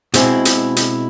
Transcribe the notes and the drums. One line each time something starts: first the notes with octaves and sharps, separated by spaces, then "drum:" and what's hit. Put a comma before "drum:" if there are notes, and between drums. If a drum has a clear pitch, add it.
B2 G#3 C4 E4, drum: hi-hat
drum: hi-hat
drum: hi-hat